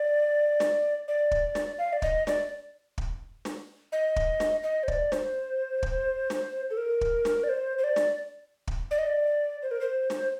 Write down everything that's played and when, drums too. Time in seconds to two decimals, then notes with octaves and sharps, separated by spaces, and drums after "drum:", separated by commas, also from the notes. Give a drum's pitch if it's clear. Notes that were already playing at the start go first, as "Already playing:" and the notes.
Already playing: D5
0.60 drum: snare
1.08 D5
1.31 drum: kick
1.55 drum: snare
1.78 F5
1.93 D5
2.02 D#5, drum: kick
2.27 D5, drum: snare
2.98 drum: kick
3.45 drum: snare
3.92 D#5
4.16 drum: kick
4.40 drum: snare
4.63 D#5
4.83 C5
4.88 D5, drum: kick
5.12 C5, drum: snare
5.83 drum: kick
6.30 drum: snare
6.71 A4
6.77 A#4
7.01 drum: kick
7.25 drum: snare
7.44 D5
7.49 C5
7.78 C5
7.84 D5
7.96 drum: snare
8.67 drum: kick
8.91 D5
8.98 D#5
9.06 D5
9.63 C5
9.71 A#4
9.81 C5
10.10 drum: snare